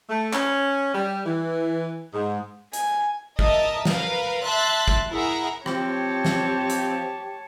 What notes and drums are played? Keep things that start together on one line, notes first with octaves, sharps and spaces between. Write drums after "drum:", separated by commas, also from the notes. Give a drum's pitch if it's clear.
A3
C#4, drum: clap
G3
E3
G#2
G#5, drum: hi-hat
A#4 D#5 E5 A5, drum: kick
A#4 B4 F5, drum: snare
E5 A5 C6 F#6 A6
drum: kick
E4 G#4 A#4 E5 F#5 A#5
F3 C4 G4 C#5 A5, drum: rim click
drum: snare
drum: hi-hat